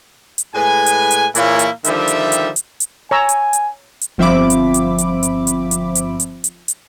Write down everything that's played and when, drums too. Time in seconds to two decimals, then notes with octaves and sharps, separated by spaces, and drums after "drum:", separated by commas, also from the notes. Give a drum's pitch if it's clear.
0.38 drum: hi-hat
0.53 A2 G#3 B4 G#5
0.86 drum: hi-hat
1.11 drum: hi-hat
1.35 A#2 E3 A#3 E4 G#4 C#5, drum: hi-hat
1.59 drum: hi-hat
1.84 D3 D#3 F3 G3 E5, drum: hi-hat
2.08 drum: hi-hat
2.32 drum: hi-hat
2.56 drum: hi-hat
2.80 drum: hi-hat
3.11 C#5 G#5 A#5 E6
3.29 drum: hi-hat
3.53 drum: hi-hat
4.01 drum: hi-hat
4.18 G1 F3 C4 E5 B5 D6
4.50 drum: hi-hat
4.74 drum: hi-hat
4.98 drum: hi-hat
5.23 drum: hi-hat
5.47 drum: hi-hat
5.71 drum: hi-hat
5.95 drum: hi-hat
6.20 drum: hi-hat
6.44 drum: hi-hat
6.68 drum: hi-hat